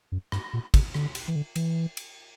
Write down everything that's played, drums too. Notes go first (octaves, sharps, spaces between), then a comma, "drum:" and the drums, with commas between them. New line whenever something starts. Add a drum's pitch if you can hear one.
F#2
G2, drum: rim click
A#2
C#3, drum: kick, cymbal
D3, drum: rim click
drum: cymbal
E3
D3
E3, drum: cymbal
drum: cymbal